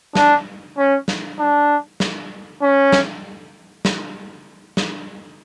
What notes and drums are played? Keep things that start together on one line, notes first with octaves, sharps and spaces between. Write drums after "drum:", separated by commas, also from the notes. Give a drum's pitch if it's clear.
D4, drum: snare
C#4
drum: snare
D4
drum: snare
C#4
drum: snare
drum: snare
drum: snare